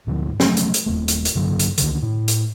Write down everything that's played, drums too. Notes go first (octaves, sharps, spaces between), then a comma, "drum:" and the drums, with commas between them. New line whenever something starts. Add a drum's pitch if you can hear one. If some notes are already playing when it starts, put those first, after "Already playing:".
D2 G#2 D3 F3
F3 F#3 A3 C#4, drum: snare
drum: hi-hat
drum: hi-hat
D#1 G#1 A3
drum: hi-hat
drum: hi-hat
G2 D3 F#3
drum: hi-hat
C#2 D3 D#3, drum: hi-hat
A2
drum: hi-hat